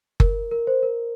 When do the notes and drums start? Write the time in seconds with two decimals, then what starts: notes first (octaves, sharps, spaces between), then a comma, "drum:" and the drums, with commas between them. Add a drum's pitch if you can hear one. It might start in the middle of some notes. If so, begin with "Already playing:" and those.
0.20 A#4, drum: kick F#1
0.51 A#4
0.67 C5
0.83 A#4